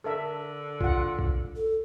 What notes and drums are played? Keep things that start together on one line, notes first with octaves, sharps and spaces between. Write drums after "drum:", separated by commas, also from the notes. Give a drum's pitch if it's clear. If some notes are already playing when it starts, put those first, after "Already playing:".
D3 A4 A#4 E5
F4 F#5, drum: kick B1
drum: kick B1
A4